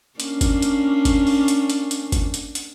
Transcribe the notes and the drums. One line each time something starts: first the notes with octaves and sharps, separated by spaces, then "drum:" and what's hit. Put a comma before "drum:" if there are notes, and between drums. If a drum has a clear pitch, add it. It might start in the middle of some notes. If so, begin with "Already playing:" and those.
A#3 C#4 D4, drum: hi-hat
drum: kick, hi-hat
drum: hi-hat
drum: kick, hi-hat
drum: open hi-hat
drum: hi-hat
drum: hi-hat
drum: hi-hat
drum: kick, hi-hat
drum: hi-hat
drum: hi-hat